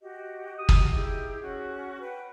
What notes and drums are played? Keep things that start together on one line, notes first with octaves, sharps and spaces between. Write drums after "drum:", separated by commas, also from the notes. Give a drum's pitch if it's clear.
F#4 G4 D#5
D#6
drum: kick
D#4 E4 G4 G#4
C#4 F#4
B4 F#5 G5